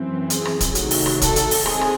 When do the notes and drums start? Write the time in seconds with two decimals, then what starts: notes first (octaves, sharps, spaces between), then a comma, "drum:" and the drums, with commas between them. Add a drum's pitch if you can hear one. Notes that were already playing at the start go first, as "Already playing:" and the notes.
Already playing: F#2 E3 C4
0.30 G#4, drum: hi-hat
0.45 drum: rim click
0.60 drum: kick, hi-hat
0.75 C3 D#3 F#3 A3, drum: hi-hat
0.91 drum: open hi-hat
1.06 drum: rim click
1.21 A4, drum: kick, hi-hat
1.36 drum: hi-hat
1.51 drum: open hi-hat
1.66 G#3 C4 G#4, drum: rim click
1.81 drum: rim click